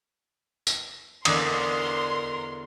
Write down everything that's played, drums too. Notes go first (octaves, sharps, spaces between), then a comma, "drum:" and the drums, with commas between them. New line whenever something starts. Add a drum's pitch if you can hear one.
drum: tambourine
E2 D3 A#4 B4 C6 D6 D#6, drum: cymbal